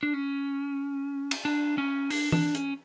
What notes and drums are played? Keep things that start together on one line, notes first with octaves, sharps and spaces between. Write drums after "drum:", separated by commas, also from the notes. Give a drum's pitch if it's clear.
D4
C#4
drum: cymbal
D4
C#4
D4, drum: open hi-hat
D4, drum: tom E3
C#4, drum: hi-hat